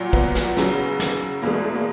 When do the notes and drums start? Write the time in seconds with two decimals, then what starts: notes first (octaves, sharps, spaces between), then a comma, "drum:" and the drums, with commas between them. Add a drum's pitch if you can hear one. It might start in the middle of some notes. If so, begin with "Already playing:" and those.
Already playing: A#2 F#3
0.13 B3, drum: kick
0.35 drum: snare
0.57 F#2 C#3 F#3, drum: snare
1.00 drum: snare
1.42 E2 B2 G#3 A#3
1.53 A3
1.64 A3
1.75 A#3